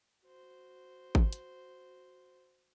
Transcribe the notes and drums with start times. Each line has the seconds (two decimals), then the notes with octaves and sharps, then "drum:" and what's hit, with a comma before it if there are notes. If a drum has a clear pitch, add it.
0.24 F#4 C5
1.15 drum: kick G#1
1.33 drum: hi-hat